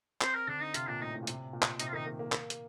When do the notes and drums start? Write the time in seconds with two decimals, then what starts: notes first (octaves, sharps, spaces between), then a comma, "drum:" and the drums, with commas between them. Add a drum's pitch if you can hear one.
0.21 C4 C5, drum: clap
0.35 A#4
0.48 D3 D4
0.61 D#4
0.74 C3 F4, drum: hi-hat
0.88 A#2 D4
1.01 A2 D#4
1.14 A2
1.23 A#2
1.27 C3, drum: hi-hat
1.53 A#2
1.62 drum: clap
1.80 C3 D#4, drum: hi-hat
1.88 F4
1.93 D#3 D#4
2.06 A#3
2.19 A#3
2.32 A#3, drum: clap
2.50 drum: hi-hat